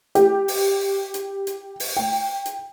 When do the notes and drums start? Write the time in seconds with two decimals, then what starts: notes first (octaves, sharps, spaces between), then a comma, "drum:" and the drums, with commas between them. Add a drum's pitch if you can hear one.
0.15 G4, drum: hi-hat
0.48 drum: open hi-hat
1.14 drum: hi-hat
1.47 drum: hi-hat
1.80 drum: open hi-hat
1.97 G5
2.46 drum: hi-hat